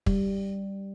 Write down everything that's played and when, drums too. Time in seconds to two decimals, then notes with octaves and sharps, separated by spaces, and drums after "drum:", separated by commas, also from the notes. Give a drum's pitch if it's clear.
0.06 G3, drum: kick